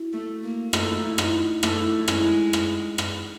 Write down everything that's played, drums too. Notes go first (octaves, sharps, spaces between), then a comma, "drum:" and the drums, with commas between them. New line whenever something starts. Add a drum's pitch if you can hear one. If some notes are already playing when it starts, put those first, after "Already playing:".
Already playing: E4 F#4
A3
A#3
A3 D#4 F4, drum: rim click
D#4
E4
D#4 F4, drum: rim click
A3 D4 E4, drum: rim click
E4
G#3 C#4 D#4, drum: rim click
drum: rim click
drum: rim click